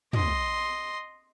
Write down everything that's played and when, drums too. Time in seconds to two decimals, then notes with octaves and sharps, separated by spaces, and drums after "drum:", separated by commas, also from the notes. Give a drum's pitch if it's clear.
0.13 D#5 C6, drum: tom